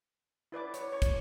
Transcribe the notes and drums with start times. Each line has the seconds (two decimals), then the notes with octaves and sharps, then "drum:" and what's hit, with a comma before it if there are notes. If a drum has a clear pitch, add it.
0.52 E4 B4 D5 D6
0.74 C#5, drum: hi-hat
0.92 C#5
1.02 drum: kick, hi-hat